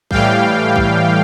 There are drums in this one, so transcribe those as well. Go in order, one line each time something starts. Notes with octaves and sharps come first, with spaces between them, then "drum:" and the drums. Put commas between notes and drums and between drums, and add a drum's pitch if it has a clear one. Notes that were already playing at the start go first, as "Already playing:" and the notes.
A2 E3 G3 F5 G5, drum: kick B1
drum: kick B1